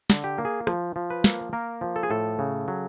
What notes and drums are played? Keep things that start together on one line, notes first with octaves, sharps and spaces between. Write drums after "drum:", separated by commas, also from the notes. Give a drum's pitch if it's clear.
D3, drum: snare
G4
A#3
G#4
F3, drum: rim click
F3
B4
A#3, drum: snare
A#3 A#4
F3
A4
G#4
A2 A4
C#3
F#3